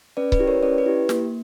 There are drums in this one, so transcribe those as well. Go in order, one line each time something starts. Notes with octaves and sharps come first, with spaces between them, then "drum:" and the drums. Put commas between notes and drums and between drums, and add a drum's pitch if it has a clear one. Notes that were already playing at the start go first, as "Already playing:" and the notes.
C#4 B4 D5
B4, drum: kick C#1
E4 G4
A#4 C#5
C#4 B4 D5
B4
E4 G4
A#3, drum: snare